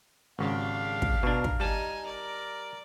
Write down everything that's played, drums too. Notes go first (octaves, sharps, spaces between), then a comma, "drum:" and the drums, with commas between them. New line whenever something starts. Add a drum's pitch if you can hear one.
G#1 C#3 D4 G4 F5
drum: kick
B2 D4 A#4
drum: kick
G3 D#4 G#5 A5
A#4 D5